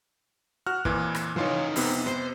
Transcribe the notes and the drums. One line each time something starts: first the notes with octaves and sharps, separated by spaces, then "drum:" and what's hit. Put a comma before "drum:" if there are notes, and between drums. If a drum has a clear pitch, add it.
F#4 F6 F#6
F2 A#2 E3, drum: kick
drum: rim click
E3 F3 D#4 F4 C#5
F2 C3 B3, drum: open hi-hat
C5